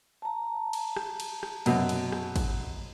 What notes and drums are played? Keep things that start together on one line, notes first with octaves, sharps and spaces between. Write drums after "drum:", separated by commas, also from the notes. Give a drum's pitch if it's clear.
A5 A#5
drum: cymbal
drum: rim click
drum: cymbal
drum: rim click
F#2 B2, drum: cymbal
drum: cymbal
drum: rim click
drum: kick, cymbal